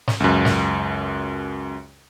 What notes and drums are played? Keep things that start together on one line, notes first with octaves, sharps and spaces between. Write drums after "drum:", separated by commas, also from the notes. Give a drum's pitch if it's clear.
drum: snare
C#2 F#2
drum: snare